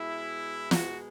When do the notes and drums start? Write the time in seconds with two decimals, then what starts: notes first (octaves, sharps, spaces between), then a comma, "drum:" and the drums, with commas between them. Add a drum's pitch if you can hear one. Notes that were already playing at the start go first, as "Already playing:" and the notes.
Already playing: B2 G#3 E4
0.71 F#4, drum: snare